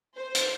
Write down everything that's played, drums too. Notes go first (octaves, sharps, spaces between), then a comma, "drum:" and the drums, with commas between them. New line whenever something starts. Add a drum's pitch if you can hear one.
C5
drum: hi-hat